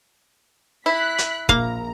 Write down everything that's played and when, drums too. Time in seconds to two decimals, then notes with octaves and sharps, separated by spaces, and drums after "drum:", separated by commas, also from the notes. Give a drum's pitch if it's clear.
0.86 E4 F#6 B6
1.18 drum: hi-hat
1.49 A#1 A#3 F5 A#5, drum: kick